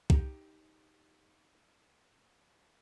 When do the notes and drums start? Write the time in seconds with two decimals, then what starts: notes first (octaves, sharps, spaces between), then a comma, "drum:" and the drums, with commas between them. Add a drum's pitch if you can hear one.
0.10 D#4 G4 A#5, drum: kick